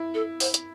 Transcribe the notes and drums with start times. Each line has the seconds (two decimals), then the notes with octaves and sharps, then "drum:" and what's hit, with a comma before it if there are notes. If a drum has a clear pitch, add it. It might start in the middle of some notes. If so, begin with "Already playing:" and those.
Already playing: E4
0.14 A4
0.40 C5, drum: open hi-hat
0.54 drum: hi-hat